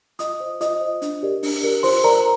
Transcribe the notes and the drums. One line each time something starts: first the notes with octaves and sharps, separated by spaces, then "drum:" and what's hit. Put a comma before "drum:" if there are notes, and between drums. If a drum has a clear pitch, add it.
F4 D#5 D#6, drum: hi-hat
C5
F4 D#5 D#6, drum: hi-hat
C5
D4, drum: hi-hat
G4 A#4 D5
D4, drum: open hi-hat
G4 A#4 D5
F4 C5 C6, drum: open hi-hat
A#4 D5 A#5